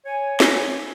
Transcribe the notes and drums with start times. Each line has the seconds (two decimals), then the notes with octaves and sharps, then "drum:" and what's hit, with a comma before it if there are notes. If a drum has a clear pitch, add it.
0.06 C#5 G#5
0.40 drum: snare